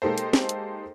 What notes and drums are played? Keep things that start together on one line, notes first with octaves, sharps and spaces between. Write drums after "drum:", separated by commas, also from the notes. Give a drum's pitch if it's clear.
G#3 A#3 D#4 G4 A4 C5
drum: hi-hat
drum: snare
drum: hi-hat